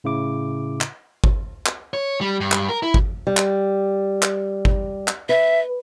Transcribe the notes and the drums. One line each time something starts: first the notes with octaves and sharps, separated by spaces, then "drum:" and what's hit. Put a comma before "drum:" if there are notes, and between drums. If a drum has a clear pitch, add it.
A2 C#3 E4 D6
drum: clap
drum: kick G1
drum: clap
C#5
G3
G2
drum: clap
A#4
E4
drum: kick G1
G3
drum: clap
drum: clap
drum: kick G1
drum: clap
B4 E5